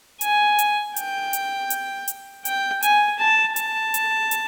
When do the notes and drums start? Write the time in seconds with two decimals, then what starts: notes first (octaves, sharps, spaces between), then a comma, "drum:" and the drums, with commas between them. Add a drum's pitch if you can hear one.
0.21 G#5, drum: hi-hat
0.59 drum: hi-hat
0.96 G5, drum: hi-hat
1.33 drum: hi-hat
1.70 drum: hi-hat
2.08 drum: hi-hat
2.45 G5, drum: hi-hat
2.82 G#5, drum: hi-hat
3.19 A5
3.56 A5, drum: hi-hat
3.94 drum: hi-hat
4.31 drum: hi-hat